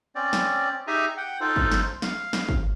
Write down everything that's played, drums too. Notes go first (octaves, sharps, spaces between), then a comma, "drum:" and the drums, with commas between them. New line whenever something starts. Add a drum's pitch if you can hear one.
C4 C#4 D5
drum: snare
D#4 G4 G#4 E5 G#5 A#5
F#5 G5
D#4 F4 A4 C5
drum: kick
drum: snare
F5, drum: snare
drum: snare
drum: kick